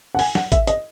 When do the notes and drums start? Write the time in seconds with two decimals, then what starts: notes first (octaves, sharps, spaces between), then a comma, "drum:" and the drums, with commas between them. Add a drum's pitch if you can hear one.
0.15 F#5
0.19 G#5, drum: open hi-hat
0.35 F#5, drum: snare
0.52 E5, drum: kick G#1, hi-hat
0.67 D#5, drum: hi-hat